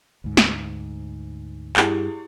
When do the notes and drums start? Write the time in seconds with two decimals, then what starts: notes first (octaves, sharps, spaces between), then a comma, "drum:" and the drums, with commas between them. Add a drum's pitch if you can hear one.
0.24 D2 G#2
0.37 drum: snare
1.76 G2 E4 G4 G#4, drum: clap